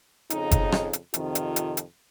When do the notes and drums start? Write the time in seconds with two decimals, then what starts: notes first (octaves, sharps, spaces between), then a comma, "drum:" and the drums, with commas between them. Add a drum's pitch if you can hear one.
0.30 F2 C#3 D#4, drum: hi-hat
0.51 drum: kick F#1, hi-hat
0.72 drum: rim click
0.93 drum: hi-hat
1.14 F2 C3 D#3 F4, drum: hi-hat
1.35 drum: hi-hat
1.56 drum: hi-hat
1.77 drum: hi-hat